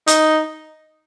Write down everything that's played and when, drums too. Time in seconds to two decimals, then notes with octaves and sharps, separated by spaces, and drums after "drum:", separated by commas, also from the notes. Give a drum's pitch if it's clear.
0.08 D#4, drum: hi-hat